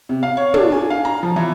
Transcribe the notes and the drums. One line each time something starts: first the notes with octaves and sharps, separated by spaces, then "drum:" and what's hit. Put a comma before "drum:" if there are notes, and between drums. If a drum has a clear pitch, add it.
C3
F5
C#5
D4, drum: tom
G#5
F5
A#5
F3
E3